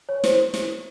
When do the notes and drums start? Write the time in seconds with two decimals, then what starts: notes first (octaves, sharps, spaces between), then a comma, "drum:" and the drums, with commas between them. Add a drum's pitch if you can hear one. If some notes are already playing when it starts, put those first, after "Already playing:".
0.09 C#5
0.24 C5, drum: snare
0.54 drum: snare